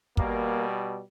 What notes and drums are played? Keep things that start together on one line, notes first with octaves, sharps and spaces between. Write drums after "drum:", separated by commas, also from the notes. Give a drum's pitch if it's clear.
B2 G3 A#3, drum: kick